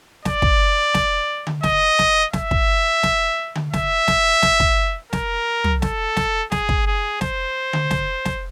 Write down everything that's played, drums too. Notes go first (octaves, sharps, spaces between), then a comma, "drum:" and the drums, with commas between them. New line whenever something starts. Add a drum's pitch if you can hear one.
D5, drum: snare
drum: kick
drum: snare
drum: tom D3
D#5, drum: snare
drum: snare
E5, drum: snare
drum: kick
drum: snare
drum: tom D3
E5, drum: snare
drum: snare
drum: snare
drum: kick
A#4, drum: snare
drum: tom
A4, drum: snare
drum: snare
G#4, drum: snare
drum: kick
G#4
C5, drum: snare
drum: tom D3
drum: snare
drum: snare